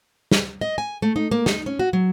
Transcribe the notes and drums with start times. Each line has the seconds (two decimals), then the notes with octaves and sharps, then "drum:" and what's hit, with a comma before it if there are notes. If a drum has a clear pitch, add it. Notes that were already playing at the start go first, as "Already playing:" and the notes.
0.31 drum: snare
0.61 D#5
0.78 G#5
1.02 A3
1.16 D#4
1.31 A#3
1.46 D#4, drum: snare
1.66 C#4
1.79 F#4
1.93 F#3